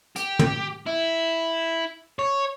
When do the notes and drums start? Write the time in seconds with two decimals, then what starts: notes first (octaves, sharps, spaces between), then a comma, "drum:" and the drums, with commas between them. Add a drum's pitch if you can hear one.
0.16 G4, drum: hi-hat
0.39 drum: tom
0.87 E4
2.19 C#5